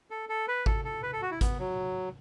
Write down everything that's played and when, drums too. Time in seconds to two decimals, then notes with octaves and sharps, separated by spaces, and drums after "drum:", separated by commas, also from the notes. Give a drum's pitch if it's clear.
0.11 A4
0.29 A4
0.48 B4
0.66 A4, drum: kick G#1
0.85 A4
1.03 B4
1.13 A4
1.22 F#4
1.31 E4
1.41 B3, drum: kick G#1, hi-hat
1.59 F#3